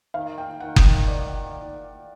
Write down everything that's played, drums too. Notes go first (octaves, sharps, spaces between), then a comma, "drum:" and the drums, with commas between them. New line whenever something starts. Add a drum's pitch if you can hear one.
D#3 F5
G5
D#3 F#5
drum: kick F#1
D5